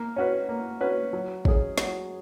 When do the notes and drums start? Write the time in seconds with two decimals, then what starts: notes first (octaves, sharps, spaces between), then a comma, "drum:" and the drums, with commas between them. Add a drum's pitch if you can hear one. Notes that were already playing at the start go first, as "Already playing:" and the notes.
Already playing: A#3
0.16 C#4 F#4 B4
0.49 A#3
0.81 C#4 F#4 B4
1.13 F#3
1.45 C#4 G#4, drum: kick
1.78 F#3, drum: snare